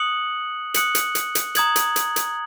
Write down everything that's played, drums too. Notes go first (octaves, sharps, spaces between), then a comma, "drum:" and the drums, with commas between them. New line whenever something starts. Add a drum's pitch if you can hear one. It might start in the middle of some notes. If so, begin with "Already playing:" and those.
Already playing: D#6 F#6 C#7 F#7
D#6 F#6 C#7 F#7, drum: hi-hat
drum: hi-hat
drum: hi-hat
drum: hi-hat
A#5 D#6 G#6 F#7, drum: hi-hat
drum: hi-hat
drum: hi-hat
drum: hi-hat